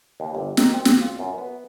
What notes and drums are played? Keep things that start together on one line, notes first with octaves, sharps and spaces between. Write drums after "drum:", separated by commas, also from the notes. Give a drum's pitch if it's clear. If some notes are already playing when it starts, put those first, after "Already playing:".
D#2
G1
D#3, drum: snare
C4
drum: snare
F4
F#2
B3